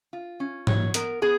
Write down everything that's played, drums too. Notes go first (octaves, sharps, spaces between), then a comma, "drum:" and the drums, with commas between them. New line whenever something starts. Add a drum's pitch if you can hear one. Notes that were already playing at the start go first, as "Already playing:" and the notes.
F4
C#4
F#3 C#5, drum: tom G#2
B3 A#4, drum: hi-hat
B3 G#4